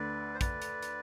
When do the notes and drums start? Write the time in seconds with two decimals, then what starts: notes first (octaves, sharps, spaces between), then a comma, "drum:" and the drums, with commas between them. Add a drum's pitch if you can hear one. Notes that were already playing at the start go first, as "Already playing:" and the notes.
Already playing: D2 D3 A3 B4 D5
0.35 C5
0.41 B4 D5, drum: kick, hi-hat
0.62 drum: hi-hat
0.82 drum: hi-hat